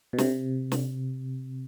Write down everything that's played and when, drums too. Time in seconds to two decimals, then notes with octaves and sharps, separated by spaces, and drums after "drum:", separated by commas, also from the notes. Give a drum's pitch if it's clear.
0.13 B2
0.18 C3, drum: snare
0.72 drum: snare